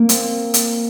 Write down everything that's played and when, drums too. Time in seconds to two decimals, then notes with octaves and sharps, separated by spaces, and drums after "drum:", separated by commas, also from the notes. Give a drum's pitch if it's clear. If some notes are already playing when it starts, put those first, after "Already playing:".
Already playing: A#3
0.09 C4, drum: hi-hat
0.54 drum: hi-hat